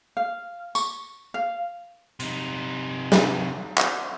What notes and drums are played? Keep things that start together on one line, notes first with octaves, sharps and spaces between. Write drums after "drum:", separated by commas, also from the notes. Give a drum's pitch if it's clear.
F5
C#6, drum: tambourine
F5
C3 D#4, drum: hi-hat
drum: snare
drum: clap